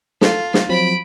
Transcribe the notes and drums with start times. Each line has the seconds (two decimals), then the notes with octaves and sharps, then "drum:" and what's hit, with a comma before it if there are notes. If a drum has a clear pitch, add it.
0.21 F4 A4, drum: snare
0.54 drum: snare
0.69 F3 F#3 C4 B5 D7